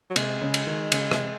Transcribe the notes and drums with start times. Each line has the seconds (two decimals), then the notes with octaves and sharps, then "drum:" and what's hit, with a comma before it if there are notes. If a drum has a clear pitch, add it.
0.10 F#3
0.16 C3 G#3, drum: cymbal
0.42 C#3
0.54 drum: cymbal
0.67 D#3
0.92 C#3, drum: cymbal
1.11 C3, drum: rim click